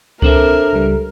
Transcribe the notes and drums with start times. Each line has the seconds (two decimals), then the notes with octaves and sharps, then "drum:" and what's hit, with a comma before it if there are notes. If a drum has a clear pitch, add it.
0.22 C4 D4 A4 A#4 C5 E5, drum: kick C#2
0.72 C#2 G3